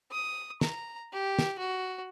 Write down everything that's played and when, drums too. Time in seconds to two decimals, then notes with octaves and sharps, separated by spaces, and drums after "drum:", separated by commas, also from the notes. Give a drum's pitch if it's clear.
0.11 D#6
0.61 A#5, drum: snare
1.13 G4
1.39 drum: snare
1.58 F#4